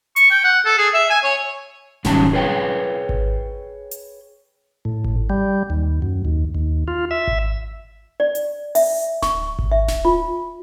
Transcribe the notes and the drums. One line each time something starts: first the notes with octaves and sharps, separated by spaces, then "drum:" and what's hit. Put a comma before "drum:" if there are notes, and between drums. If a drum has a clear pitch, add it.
C#6, drum: hi-hat
G5
F#5
A4
G#4
E5
G#5
C#5
G#2 D#3 F#3 G3 C#4 A5, drum: snare D1
G#4 B4 C#5 G5
drum: kick G#1
drum: hi-hat
A2
drum: kick G#1
G3
D#2
F#2
D#2
D#2
F4
E5
drum: kick G#1
D5
drum: hi-hat
E5, drum: open hi-hat
C#6, drum: snare D1
drum: kick G#1
E5
drum: snare D1
F4